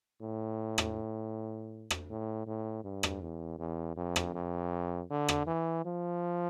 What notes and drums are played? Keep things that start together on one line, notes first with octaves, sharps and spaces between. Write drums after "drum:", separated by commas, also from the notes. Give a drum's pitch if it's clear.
A2
drum: rim click
drum: rim click
A2
A2
G2
drum: rim click
E2
E2
F2
drum: rim click
F2
D3
drum: rim click
E3
F3